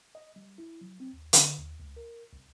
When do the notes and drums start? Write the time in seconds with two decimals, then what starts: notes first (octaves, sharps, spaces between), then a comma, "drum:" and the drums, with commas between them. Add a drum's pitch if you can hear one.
0.15 D#5
0.36 G3
0.58 E4
0.81 F#3
1.00 C4
1.13 D#2
1.33 D3, drum: hi-hat
1.59 D#2
1.80 C#2
1.96 A#4
2.33 C2